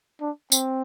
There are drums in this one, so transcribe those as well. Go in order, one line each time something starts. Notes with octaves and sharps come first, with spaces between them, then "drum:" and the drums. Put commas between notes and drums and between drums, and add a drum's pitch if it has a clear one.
D4
C4, drum: tambourine